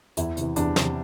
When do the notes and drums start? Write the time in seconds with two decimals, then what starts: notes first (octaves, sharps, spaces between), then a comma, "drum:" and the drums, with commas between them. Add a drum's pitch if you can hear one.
0.17 E2 E4, drum: hi-hat
0.37 C3 E3, drum: hi-hat
0.56 E2 D4, drum: hi-hat
0.76 C3 E3 C4, drum: snare